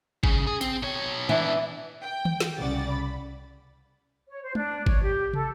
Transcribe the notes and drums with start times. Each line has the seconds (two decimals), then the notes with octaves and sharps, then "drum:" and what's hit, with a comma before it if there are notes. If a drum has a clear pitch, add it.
0.24 C#3, drum: kick G#1
0.47 G#4
0.61 C4, drum: hi-hat
0.83 B2 C#5
1.29 E3 B3 D4
2.03 G5
2.25 drum: tom D#3
2.40 drum: snare
2.60 C2 C#3 D5 F#5 A6
2.89 B5
4.29 C#5
4.43 C5
4.55 D4, drum: tom G#3
4.86 C#5, drum: kick G#1
5.02 G4
5.33 A4, drum: tom